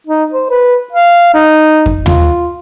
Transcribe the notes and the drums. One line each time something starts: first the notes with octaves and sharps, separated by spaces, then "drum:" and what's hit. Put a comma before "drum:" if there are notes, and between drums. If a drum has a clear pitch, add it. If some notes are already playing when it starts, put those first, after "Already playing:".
D#4
C5
B4
F5
D#4
drum: kick F2
F4, drum: tom D#2